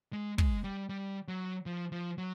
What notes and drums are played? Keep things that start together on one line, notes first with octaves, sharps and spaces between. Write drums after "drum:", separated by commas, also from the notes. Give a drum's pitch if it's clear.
G#3
G#3, drum: kick
G3
G3
F#3
F3
F3
F#3